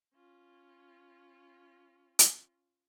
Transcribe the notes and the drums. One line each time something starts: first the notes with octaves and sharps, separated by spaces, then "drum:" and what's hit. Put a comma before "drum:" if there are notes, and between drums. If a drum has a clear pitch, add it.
C#4 F4
drum: hi-hat